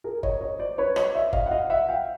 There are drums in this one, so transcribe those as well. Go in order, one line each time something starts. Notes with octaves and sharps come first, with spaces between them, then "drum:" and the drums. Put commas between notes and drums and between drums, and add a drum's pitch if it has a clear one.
G#4 A#4
C#5 D#5, drum: kick G1
C#5 D#5
C5 D5
B4 C#5
C#5 D#5, drum: rim click
D5 E5
D#5 F5, drum: kick G1
F#5
D#5 F5
E5 F#5
F5 G5